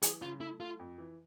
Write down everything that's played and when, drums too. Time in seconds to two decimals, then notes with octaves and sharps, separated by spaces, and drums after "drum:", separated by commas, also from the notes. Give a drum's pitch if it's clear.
0.02 E3 G#4, drum: hi-hat
0.21 C#3 F4
0.41 A3 E4
0.60 A3 F4
0.79 F2
0.98 E3